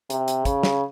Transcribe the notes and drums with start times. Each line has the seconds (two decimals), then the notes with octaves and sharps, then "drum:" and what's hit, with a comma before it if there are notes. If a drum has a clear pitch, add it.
0.10 C3, drum: hi-hat
0.28 drum: hi-hat
0.45 C#3, drum: kick, hi-hat
0.63 drum: snare